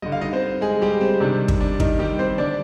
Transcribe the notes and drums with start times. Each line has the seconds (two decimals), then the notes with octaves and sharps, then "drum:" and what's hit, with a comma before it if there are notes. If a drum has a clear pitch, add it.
0.02 D3 G3 D#5
0.12 F5
0.21 D#4 D#5
0.33 C4 C5
0.61 G#3 G#4
0.82 G3 G4
1.01 C4
1.20 C3 D#3 G3 D4
1.48 drum: kick
1.60 D4
1.80 D#3 D#4, drum: kick
1.99 G3 G4
2.19 C4 C5
2.38 D3 G3 D4 D5